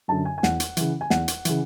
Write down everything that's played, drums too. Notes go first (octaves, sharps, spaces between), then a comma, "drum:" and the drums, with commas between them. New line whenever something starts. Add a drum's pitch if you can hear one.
F#2 D3 A5
G#5
G#5
E2 F#5, drum: snare
drum: hi-hat
C#3 E3, drum: hi-hat
G#5
E2 F#5, drum: snare
drum: hi-hat
C#3 E3, drum: hi-hat